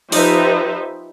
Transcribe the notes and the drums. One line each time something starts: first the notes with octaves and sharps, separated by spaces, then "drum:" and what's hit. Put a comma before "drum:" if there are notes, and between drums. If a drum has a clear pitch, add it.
F3 D#4 G4 B4 C5 E5, drum: open hi-hat